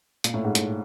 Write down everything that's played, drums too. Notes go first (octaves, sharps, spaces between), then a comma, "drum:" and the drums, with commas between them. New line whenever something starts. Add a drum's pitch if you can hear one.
A#2, drum: hi-hat
A2
G#2
A2, drum: hi-hat